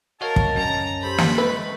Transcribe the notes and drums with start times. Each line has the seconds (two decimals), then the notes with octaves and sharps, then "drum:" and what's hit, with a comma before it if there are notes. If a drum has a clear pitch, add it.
0.21 F#4 A#4 C#5 D#5 F5 A5
0.36 drum: kick
0.56 F#2 C#4 A#5
1.02 G4 A4 C5 B5
1.18 drum: snare
1.38 G#3 A3 B4 E5